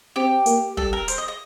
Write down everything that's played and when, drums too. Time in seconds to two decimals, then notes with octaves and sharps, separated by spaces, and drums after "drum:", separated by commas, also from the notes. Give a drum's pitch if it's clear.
0.16 C4 G4
0.46 A#3, drum: hi-hat
0.77 G3 A4, drum: kick
0.93 A#4
1.08 C5, drum: hi-hat
1.18 D#5
1.28 D#5